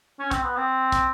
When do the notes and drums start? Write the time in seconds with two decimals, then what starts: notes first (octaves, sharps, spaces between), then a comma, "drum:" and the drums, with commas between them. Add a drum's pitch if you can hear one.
0.19 C#4
0.31 C4, drum: kick, hi-hat
0.43 B3
0.57 C4
0.92 drum: kick, hi-hat